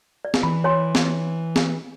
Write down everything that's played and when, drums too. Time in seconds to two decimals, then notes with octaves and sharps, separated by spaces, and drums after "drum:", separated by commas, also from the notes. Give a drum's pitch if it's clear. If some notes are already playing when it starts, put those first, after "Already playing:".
0.25 D5
0.34 drum: snare
0.43 E3 B5
0.64 C#5 G#5 C6
0.95 drum: snare
1.56 drum: snare